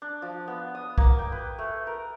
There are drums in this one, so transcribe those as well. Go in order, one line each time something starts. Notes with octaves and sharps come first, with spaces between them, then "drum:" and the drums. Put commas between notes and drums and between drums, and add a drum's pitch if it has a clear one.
D4
F3
B3
D#6
A#3, drum: kick C2
G5
B4
A3
A#4